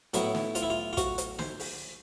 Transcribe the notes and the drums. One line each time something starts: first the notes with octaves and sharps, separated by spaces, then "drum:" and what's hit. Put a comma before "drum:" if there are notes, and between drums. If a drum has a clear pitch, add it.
A2 F#3 B3 E4, drum: hi-hat
drum: snare
F4, drum: hi-hat
E4
F4
F4
F#4, drum: kick, hi-hat
drum: hi-hat
C5, drum: snare
drum: open hi-hat